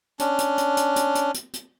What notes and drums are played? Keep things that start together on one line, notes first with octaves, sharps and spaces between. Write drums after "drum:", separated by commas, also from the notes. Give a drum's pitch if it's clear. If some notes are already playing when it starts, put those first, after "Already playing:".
C#4 D4, drum: hi-hat
drum: hi-hat
drum: hi-hat
drum: hi-hat
drum: hi-hat
drum: hi-hat
drum: hi-hat
drum: hi-hat